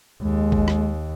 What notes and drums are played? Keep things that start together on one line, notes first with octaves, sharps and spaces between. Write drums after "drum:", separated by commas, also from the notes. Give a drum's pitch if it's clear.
D#2 G#3
drum: kick
drum: rim click